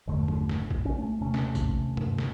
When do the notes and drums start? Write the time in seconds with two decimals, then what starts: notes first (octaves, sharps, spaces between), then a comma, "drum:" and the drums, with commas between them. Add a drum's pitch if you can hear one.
0.07 G1 E2 D3 A3
0.28 drum: tom
0.49 drum: snare
0.71 drum: kick
0.85 C#4
0.98 A3
1.21 D#2 C3 A3 C#4
1.34 drum: snare
1.55 drum: kick, tambourine
1.97 drum: tom G2
2.18 drum: snare